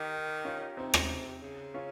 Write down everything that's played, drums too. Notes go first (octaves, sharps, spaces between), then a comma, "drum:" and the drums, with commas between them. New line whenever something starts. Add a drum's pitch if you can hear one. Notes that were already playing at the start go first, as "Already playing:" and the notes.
Already playing: D#3 D#4 G4
C#4 F4
C3 C4 D#4
drum: rim click
C#3
C#4 F4